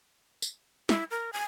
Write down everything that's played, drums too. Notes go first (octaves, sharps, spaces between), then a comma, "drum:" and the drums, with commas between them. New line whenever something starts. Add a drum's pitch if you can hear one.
drum: tambourine
E4, drum: snare
A#4
G#5